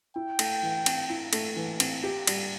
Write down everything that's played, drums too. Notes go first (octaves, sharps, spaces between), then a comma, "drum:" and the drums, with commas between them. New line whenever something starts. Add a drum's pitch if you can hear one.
E4 G5
A3, drum: cymbal
E3
C4, drum: cymbal
E4
A3, drum: cymbal
E3
C4, drum: cymbal
G4
G3, drum: cymbal